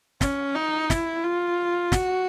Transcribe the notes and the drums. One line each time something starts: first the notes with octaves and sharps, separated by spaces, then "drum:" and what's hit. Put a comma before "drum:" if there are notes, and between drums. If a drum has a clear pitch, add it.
C#4, drum: snare
D#4
E4, drum: snare
F4
F#4, drum: snare